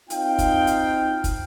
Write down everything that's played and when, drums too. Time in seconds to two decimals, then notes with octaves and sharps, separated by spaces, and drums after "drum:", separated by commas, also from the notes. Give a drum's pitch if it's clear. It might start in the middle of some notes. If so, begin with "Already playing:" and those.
0.10 C4 D#4 F4 F5 G5, drum: hi-hat
0.38 drum: kick, hi-hat
0.67 drum: hi-hat
1.24 drum: kick, hi-hat